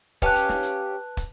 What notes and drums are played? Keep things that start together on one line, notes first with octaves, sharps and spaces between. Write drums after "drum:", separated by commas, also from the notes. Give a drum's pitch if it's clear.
C#4 G4 B4 F5 A5 F#6, drum: kick
drum: hi-hat
drum: snare
drum: hi-hat
drum: kick, hi-hat